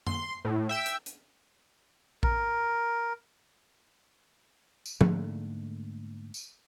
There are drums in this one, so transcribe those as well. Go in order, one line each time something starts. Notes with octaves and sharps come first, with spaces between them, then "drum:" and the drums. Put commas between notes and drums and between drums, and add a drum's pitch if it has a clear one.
C6, drum: tom F#2
A2
E5 G5 E6
drum: hi-hat
drum: hi-hat
A#4, drum: kick A#1
drum: tambourine
G#2 D3 A3 A#3, drum: tom F3
drum: tambourine